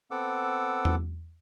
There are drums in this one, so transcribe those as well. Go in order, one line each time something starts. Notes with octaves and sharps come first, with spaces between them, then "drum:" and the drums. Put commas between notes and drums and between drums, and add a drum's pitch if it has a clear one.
B3 C4 A4 F#5 D6 E6
drum: tom E2